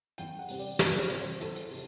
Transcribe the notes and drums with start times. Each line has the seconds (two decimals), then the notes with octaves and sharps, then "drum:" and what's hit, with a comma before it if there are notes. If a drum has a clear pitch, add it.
0.18 E2 G5, drum: hi-hat
0.39 F#5
0.49 C3 G3 C4, drum: open hi-hat
0.59 D5
0.79 E2, drum: snare
0.99 C5
1.09 C3 G3 C4, drum: hi-hat
1.21 C5
1.41 E2 A4, drum: hi-hat
1.56 drum: hi-hat
1.71 C3 E3, drum: open hi-hat